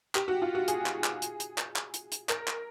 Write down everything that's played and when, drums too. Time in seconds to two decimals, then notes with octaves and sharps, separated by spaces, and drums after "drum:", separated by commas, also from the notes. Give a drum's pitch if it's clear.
0.15 G4, drum: clap
0.28 F#4
0.42 F4
0.55 F#4
0.68 G#4, drum: hi-hat
0.86 drum: clap
1.04 drum: clap
1.22 drum: hi-hat
1.40 drum: hi-hat
1.58 drum: clap
1.76 drum: clap
1.94 drum: hi-hat
2.12 drum: hi-hat
2.29 A#4, drum: clap
2.48 drum: clap